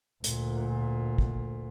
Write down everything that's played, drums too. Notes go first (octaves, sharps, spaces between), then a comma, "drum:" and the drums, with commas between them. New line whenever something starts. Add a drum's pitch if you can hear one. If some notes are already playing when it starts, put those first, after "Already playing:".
D2 A#2, drum: hi-hat
drum: kick